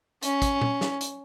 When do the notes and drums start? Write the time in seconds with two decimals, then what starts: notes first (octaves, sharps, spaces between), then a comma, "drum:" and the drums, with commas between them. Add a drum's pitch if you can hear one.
0.23 C#4, drum: hi-hat
0.42 drum: kick, hi-hat
0.61 drum: tom
0.81 drum: snare
1.01 drum: hi-hat